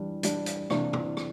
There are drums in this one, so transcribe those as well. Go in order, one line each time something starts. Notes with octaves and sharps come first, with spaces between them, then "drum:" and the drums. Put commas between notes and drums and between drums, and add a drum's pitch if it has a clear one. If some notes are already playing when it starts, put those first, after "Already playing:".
Already playing: E3 G3 D4
E3 G3 D4, drum: hi-hat
drum: hi-hat
C3 E3 A#3 D4, drum: rim click
drum: tom
drum: rim click